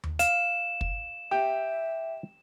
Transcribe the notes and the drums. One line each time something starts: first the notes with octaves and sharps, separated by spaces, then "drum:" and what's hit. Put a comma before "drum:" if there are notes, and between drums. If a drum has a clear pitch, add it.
drum: tom D#2
F5 E7, drum: hi-hat
drum: kick
G4 E5